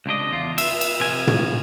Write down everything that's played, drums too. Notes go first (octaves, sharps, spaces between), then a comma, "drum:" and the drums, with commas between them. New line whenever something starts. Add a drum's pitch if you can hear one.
C#2 C3 D4 D#5
E2 F4
E5, drum: cymbal
drum: cymbal
C3 F3 G#5
drum: tom